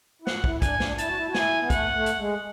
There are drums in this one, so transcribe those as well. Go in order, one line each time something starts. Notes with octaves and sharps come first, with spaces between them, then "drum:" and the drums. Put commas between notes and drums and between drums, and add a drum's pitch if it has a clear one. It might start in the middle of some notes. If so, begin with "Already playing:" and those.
E4
F#4 F#5, drum: snare
E4, drum: kick
D4 G#5, drum: kick, hi-hat
D4, drum: snare
E4 A5, drum: hi-hat
F#4
E4
F#4
E4 G#5, drum: snare
B3
A3 F#5, drum: kick, hi-hat
A3
drum: hi-hat
G#3